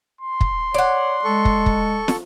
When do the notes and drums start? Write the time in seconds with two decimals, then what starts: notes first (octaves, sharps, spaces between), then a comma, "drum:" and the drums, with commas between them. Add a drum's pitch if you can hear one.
0.21 C6
0.41 drum: kick
0.74 C#5 D5 F#5
1.24 G#3 A4 C#6
1.45 drum: kick
1.66 drum: kick
2.08 drum: snare